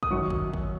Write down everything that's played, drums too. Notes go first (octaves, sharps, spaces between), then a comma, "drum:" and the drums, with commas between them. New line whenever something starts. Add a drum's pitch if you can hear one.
D#6, drum: kick
F#2 D#3 F#3 C#6
drum: kick
drum: kick